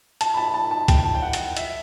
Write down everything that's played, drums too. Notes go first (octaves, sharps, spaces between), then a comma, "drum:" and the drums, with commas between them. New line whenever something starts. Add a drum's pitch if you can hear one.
A5, drum: hi-hat
B5
A5
A5
A5
G5, drum: kick, hi-hat
A5
G5
F#5
drum: hi-hat
E5, drum: hi-hat